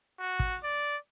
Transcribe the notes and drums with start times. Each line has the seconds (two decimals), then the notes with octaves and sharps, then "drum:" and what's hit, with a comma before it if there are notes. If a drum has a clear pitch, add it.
0.20 F#4
0.40 drum: kick
0.63 D5